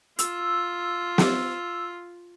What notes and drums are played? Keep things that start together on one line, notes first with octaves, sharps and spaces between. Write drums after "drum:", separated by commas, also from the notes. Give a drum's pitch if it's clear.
F4 E6, drum: hi-hat
drum: snare